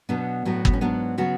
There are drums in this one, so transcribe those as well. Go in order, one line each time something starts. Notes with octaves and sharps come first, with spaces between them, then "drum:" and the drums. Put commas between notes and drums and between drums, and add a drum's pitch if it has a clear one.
B2 F#3 B3 D4
A2 F#3 B3
B3, drum: kick
C#4
G#2 F#3 B3 D4
C#3 F#3 B3 F#4